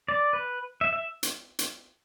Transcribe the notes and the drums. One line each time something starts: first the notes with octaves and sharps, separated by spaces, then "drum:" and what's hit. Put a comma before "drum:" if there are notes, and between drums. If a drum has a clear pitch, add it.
D5
B4
E5
E5
drum: hi-hat
drum: hi-hat